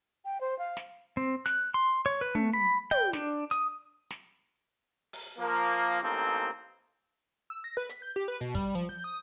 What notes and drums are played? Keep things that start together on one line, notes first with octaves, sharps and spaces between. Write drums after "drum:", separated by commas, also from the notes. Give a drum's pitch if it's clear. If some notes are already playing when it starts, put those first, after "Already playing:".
G5
C5
F5
drum: snare
C4
F#6, drum: snare
C6
C#5
B4
A3, drum: tom
B5
G5, drum: tom
D4, drum: snare
D#6, drum: hi-hat
drum: snare
drum: open hi-hat
F3 A#3
A1 A#3 C4 D#4 A4
E6
A#6
B4
B6, drum: hi-hat
G6
G4
B4
B2
G3, drum: kick
F3
G6
D#6